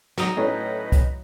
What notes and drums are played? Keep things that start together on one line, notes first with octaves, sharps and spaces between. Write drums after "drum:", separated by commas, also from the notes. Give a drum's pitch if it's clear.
F#3 D#4, drum: snare
A2 A3 C#4 B4 D#5
drum: kick C2, hi-hat